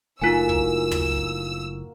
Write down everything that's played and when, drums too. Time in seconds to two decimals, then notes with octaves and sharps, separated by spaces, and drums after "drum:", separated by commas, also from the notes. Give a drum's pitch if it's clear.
0.21 F#1 A2 A#3 D#4 F4 F#4 G#5 E6
0.49 drum: kick
0.91 drum: tom